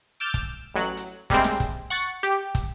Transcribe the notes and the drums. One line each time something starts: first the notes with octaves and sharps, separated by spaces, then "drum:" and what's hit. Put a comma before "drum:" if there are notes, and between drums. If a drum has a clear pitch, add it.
D6 E6 F6 G6 A6 E7
drum: kick, hi-hat
A1 F#3 F#6
drum: hi-hat
C3 G3 G#3 A#3 C4, drum: kick, hi-hat
drum: snare
drum: kick, hi-hat
F#5 C#6 A6
G4, drum: hi-hat
drum: kick, hi-hat